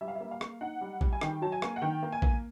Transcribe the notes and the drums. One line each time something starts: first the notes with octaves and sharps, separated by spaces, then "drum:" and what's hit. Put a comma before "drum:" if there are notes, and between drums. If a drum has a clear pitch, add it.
G3 E5
F5
E5
A#3
F5
A#3, drum: rim click
D#4 F#5
G3
G3, drum: kick
G#5
D#3 G5, drum: rim click
F#3 A5
G#5
A#3, drum: rim click
F#5
D#3 G5
A#3
G#5
A#3, drum: kick